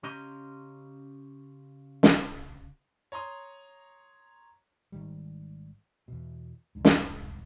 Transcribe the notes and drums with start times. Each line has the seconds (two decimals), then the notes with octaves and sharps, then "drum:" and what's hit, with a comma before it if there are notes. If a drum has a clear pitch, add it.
0.03 C#3 C#4 G4 D#5 A#5 C6
2.03 drum: snare
3.12 C#5 A#5 C6 D#6
4.92 G#1 D#3 G3
6.08 E2 B2
6.75 C2 F2 G#2
6.85 drum: snare